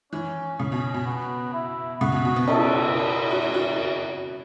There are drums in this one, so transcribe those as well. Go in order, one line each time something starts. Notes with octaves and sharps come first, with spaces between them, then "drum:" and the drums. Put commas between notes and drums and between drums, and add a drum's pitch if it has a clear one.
E3 C#4
C#3 C#4
B2
B2
B3
E4
C#3 F#4
B2
B2
B3
C#4 A4, drum: cymbal
B3
F#4
E4
F#4